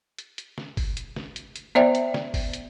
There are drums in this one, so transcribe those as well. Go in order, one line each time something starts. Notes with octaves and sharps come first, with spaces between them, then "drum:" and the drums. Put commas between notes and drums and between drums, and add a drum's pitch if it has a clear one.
drum: hi-hat
drum: hi-hat
drum: snare
drum: kick G1, open hi-hat
drum: hi-hat
drum: snare
drum: hi-hat
drum: hi-hat
B3 C5 D5 E5 G5
drum: hi-hat
drum: snare
drum: kick G1, open hi-hat
drum: hi-hat